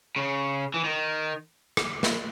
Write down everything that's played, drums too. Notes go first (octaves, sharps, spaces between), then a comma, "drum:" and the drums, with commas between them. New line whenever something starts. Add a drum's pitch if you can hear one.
C#3
E3
D#3
drum: rim click
drum: snare